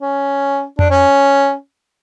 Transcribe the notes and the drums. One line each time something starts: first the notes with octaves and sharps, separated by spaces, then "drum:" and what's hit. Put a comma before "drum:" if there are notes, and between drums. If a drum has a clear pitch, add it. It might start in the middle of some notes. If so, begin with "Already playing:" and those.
C#4
D4, drum: tom F2
C#4